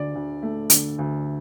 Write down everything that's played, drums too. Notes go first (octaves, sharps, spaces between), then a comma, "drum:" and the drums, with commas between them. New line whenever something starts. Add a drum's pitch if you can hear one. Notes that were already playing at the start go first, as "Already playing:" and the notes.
Already playing: D2 D3 D5
D2
A3
D3, drum: hi-hat
D2